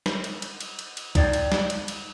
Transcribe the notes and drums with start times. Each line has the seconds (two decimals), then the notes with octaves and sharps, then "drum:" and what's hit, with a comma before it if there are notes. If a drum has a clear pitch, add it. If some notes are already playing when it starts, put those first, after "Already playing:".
0.06 drum: snare
0.24 drum: cymbal
0.42 drum: cymbal
0.61 drum: cymbal
0.79 drum: cymbal
0.97 drum: cymbal
1.15 D#4 D5 G5, drum: kick C2, cymbal
1.33 drum: cymbal
1.52 drum: snare
1.70 drum: cymbal
1.88 drum: cymbal